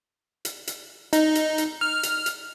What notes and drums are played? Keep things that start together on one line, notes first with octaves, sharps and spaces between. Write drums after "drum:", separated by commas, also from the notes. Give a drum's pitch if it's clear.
drum: hi-hat
drum: hi-hat
D#4, drum: hi-hat
drum: hi-hat
drum: hi-hat
F6
drum: hi-hat
drum: hi-hat